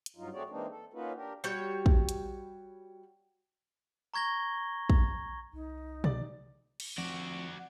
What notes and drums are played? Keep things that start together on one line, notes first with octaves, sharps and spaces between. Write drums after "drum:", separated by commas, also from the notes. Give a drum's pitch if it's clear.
drum: hi-hat
G2 F#3 D#4 F4
A3 C4 F#4 G#4 C#5 D5
E3 G#3 A#3 C4 D4 D#4
A4
A#3 C#4 D#4 F4 F#4 B4
D4 G4 A#4
G3 F#4 C#5 G5
drum: kick
drum: hi-hat
A#5 C#6 G#6 A#6 G7
drum: kick
C2 D#4
D5 A6, drum: tom B2
drum: cymbal
F2 F#4 D5